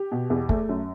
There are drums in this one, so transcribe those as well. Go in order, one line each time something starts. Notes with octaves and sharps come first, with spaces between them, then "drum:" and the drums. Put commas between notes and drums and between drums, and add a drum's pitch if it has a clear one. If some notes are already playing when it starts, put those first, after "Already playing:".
Already playing: G4
B2
E2
A3, drum: kick
F#2